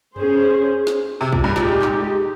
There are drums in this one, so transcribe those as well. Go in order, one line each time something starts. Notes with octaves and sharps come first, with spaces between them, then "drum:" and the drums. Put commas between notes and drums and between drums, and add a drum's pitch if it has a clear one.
C#4 G#4 C5, drum: tom F#2
drum: snare
C3
A#2, drum: kick
G2
A#2 G#3 D#4 G4, drum: snare
drum: clap